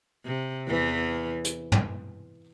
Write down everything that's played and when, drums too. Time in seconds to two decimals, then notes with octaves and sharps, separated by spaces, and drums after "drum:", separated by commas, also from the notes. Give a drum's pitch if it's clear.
0.25 C3
0.67 E2 E3
1.44 drum: hi-hat
1.72 drum: tom